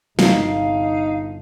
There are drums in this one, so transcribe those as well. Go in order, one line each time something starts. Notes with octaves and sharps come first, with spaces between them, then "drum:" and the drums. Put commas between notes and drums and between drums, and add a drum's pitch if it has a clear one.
G1 C3 D#4 F5, drum: snare